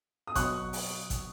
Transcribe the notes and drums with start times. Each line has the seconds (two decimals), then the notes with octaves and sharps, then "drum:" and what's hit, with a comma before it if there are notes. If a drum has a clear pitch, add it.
0.27 D#6
0.35 B2 F#3 C#6 F#6, drum: kick, hi-hat
0.73 drum: open hi-hat
1.10 drum: kick, hi-hat